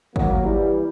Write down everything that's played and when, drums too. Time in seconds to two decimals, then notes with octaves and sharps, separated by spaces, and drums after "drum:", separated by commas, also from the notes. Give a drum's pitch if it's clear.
0.16 F#3 A#3, drum: kick
0.43 E3 G3